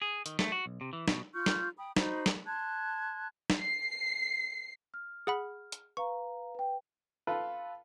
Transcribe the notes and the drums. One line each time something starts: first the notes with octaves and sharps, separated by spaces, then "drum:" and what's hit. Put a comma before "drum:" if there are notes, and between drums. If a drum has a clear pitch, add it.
G#4
D#3, drum: hi-hat
A3, drum: snare
F#4
B1
C3
E3
B2, drum: snare
F4 C#6 F6 G6
drum: snare
G5 B5 D#6
D#4 F#4 C5 B5, drum: snare
drum: snare
A5 C6 F#6 G#6
drum: snare
C7
F6
G#4 F#5 B5
drum: hi-hat
B4 F5 A#5 C#6
B4 G5
F4 A4 B4